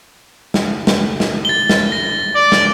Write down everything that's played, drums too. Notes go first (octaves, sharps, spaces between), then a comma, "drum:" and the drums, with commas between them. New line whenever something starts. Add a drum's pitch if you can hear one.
drum: snare
drum: snare
drum: snare
A6 G7
drum: snare
A#6
D5
drum: snare